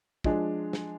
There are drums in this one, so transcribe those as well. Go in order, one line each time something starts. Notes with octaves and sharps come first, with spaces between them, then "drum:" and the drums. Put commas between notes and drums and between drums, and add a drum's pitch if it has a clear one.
F3 G#3 D4, drum: kick
drum: snare